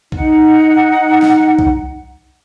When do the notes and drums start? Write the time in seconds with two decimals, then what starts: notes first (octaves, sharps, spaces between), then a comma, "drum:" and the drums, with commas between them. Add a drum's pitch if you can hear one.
0.12 D#4 F#5, drum: kick B1
1.22 drum: snare
1.59 drum: kick B1